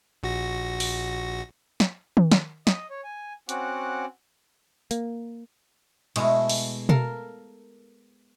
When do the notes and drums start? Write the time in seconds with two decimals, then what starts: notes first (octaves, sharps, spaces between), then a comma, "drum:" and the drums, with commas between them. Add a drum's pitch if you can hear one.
0.23 A#1 F#4 A#6
0.80 drum: open hi-hat
1.80 drum: snare
2.17 drum: tom D#3
2.32 drum: snare
2.67 D#5, drum: snare
2.90 C#5
3.04 G#5
3.49 C4 C#4 F#4 F#5 D6, drum: hi-hat
4.91 A#3, drum: hi-hat
6.16 B2 G#3 A3 E4, drum: cymbal
6.49 drum: open hi-hat
6.89 A4 A#4 F5, drum: tom B2